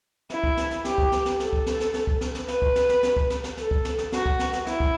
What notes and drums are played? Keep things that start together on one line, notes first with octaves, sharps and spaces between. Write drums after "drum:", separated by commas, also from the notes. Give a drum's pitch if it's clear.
E4, drum: snare
drum: kick
drum: snare
drum: snare
G4, drum: snare
drum: kick
drum: snare
drum: snare
A4, drum: snare
drum: kick
drum: snare
drum: snare
drum: snare
drum: kick
drum: snare
drum: snare
B4, drum: snare
drum: kick
drum: snare
drum: snare
drum: snare
drum: kick
drum: snare
drum: snare
A4, drum: snare
drum: kick
drum: snare
drum: snare
F#4, drum: snare
drum: kick
drum: snare
drum: snare
E4, drum: snare
drum: kick